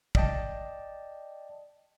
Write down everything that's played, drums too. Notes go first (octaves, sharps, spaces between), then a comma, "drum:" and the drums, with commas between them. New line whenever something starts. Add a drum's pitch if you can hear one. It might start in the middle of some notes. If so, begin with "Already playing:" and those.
D5 D#5 G5 A5, drum: kick